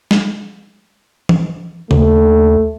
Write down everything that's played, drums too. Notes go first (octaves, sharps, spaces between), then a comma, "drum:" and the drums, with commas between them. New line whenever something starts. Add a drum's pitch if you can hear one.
drum: snare
drum: tom E3
D#2 A3, drum: tom C#3